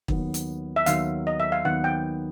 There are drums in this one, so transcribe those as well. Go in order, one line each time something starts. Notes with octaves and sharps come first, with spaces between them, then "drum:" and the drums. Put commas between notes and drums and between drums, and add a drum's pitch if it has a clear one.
D#2 D#3 F#3 B3, drum: kick
drum: hi-hat
E5
D#2 D#3 F#3 B3 F5, drum: hi-hat
D#5
E5
F5
D#2 D#3 F#3 B3 F#5
G5